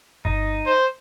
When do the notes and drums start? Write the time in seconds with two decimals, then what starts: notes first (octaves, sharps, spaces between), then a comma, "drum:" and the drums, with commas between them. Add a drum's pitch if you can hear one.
0.25 D#4, drum: kick G1
0.66 C5